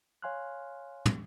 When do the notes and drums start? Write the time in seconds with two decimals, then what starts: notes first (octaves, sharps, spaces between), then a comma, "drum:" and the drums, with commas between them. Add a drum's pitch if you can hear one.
0.22 C#5 F5 G#5 C6 F6 F#6
1.06 drum: tom